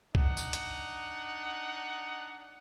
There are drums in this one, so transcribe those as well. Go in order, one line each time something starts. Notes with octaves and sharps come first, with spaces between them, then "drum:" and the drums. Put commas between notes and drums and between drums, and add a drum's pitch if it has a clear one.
D4 D#4 F#5, drum: kick C2
drum: tambourine
drum: hi-hat